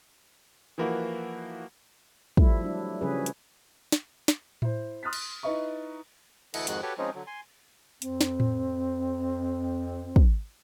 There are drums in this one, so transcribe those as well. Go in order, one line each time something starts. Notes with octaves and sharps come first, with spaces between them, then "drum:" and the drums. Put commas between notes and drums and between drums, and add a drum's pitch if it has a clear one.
E3 F3 A#3 E4 F#4
F3 G3 A3 E4, drum: kick
F#3 D4
C#3 F3 G3 C#4 G#4 B4
drum: hi-hat
drum: snare
drum: snare
E4 C5, drum: tom A2
C6 D#6 F6 F#6 A6 B6
drum: cymbal
D#4 E4 B4 D#5 E5 C#6
D2 E3 E4 A4 D#5 F#5, drum: cymbal
F2 G#2 D#3 G#3 F#4 F#6, drum: hi-hat
F#4 G4 A4 B4 C#5 G5
F3 G#3 C4 C#4 D#4
D3 F#3
G#5 C6
F2 C4, drum: hi-hat
drum: snare
drum: tom A2
drum: kick